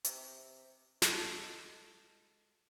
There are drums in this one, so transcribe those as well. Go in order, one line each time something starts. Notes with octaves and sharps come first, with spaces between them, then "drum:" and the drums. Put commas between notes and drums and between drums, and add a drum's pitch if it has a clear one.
C3, drum: hi-hat
G#3 A4, drum: snare